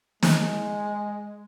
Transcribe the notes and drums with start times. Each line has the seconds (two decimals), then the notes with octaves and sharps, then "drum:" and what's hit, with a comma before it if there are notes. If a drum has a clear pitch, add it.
0.23 G#3, drum: snare